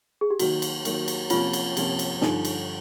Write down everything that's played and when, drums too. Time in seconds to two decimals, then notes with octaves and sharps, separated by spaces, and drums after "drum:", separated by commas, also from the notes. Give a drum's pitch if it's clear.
0.21 G#4
0.31 G4
0.39 D#3 F#3 A#3 F#4, drum: cymbal
0.62 drum: cymbal
0.85 D#3 F#3 A#3, drum: cymbal
1.08 drum: cymbal
1.30 C3 F3 A#3 C#4 F4, drum: cymbal
1.53 drum: cymbal
1.77 C3 F3 A#3 C#4, drum: cymbal
1.99 drum: cymbal
2.21 G2 D3 F3 D#4, drum: snare
2.45 drum: cymbal